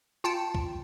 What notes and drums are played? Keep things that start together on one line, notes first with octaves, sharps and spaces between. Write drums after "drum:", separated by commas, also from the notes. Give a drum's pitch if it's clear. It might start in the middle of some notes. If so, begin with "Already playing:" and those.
F4 G5 A5 C#7
drum: kick